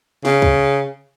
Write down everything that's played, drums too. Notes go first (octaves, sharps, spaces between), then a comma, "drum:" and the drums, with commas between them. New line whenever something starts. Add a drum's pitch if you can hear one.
C#3, drum: snare
drum: kick C2